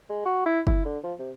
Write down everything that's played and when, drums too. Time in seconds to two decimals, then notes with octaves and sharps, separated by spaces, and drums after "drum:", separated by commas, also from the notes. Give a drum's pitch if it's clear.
0.09 G#3
0.26 F#4
0.46 E4
0.67 E4, drum: kick F#1
0.85 D3
1.04 F3
1.19 C3